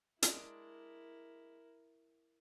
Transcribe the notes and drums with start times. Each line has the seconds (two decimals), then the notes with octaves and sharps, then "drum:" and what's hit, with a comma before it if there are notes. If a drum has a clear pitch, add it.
0.22 G#3 D4 E4 A#4, drum: hi-hat